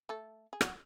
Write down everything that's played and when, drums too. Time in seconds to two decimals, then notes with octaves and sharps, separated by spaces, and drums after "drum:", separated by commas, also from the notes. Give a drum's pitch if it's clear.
0.09 A3 A4
0.53 G#4
0.61 F#3 F#4, drum: rim click